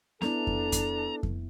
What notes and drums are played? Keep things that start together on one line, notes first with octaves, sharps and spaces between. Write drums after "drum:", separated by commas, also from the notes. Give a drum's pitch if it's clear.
B3 D4 E4 A4 A#5, drum: snare
drum: kick F2
drum: kick F2, hi-hat
drum: kick F2